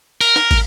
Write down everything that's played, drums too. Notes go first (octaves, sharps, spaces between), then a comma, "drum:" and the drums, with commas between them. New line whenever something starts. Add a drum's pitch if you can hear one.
A#4, drum: cymbal
drum: snare
drum: kick, cymbal